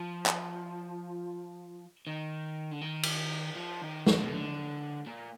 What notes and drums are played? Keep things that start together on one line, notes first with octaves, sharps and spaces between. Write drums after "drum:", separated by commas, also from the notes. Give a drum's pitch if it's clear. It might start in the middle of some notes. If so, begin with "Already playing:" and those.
Already playing: F3
drum: clap
D#3
D3
D#3
drum: cymbal
F3
D#3
D3, drum: snare
B2
D3
A#2